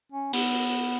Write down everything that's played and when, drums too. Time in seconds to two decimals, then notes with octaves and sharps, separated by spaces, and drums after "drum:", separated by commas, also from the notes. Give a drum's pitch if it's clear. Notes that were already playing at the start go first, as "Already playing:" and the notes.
0.12 C#4
0.33 B3, drum: open hi-hat